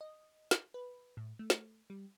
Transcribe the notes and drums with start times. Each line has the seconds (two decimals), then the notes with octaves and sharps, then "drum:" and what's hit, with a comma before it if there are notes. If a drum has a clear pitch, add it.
0.01 D#5
0.51 drum: snare
0.74 B4
1.17 A2
1.39 A3
1.50 drum: snare
1.90 G3